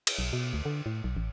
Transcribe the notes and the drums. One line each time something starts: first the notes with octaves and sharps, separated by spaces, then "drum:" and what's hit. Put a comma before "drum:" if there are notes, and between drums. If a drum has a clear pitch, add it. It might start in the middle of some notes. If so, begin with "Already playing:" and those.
drum: cymbal
B1
B2
D2
D3
A2
B1
A1